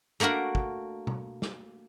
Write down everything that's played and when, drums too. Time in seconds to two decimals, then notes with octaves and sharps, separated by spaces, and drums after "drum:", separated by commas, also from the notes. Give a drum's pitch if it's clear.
0.20 A3 A#3 D4 F#4 A#4
0.55 drum: kick
1.07 drum: tom B2
1.42 drum: snare